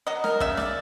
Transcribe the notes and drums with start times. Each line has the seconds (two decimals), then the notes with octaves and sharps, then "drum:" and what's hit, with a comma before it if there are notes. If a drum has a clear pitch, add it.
0.07 F#3 D#5
0.24 A#4, drum: snare
0.40 C#3 E5, drum: kick
0.57 D5, drum: snare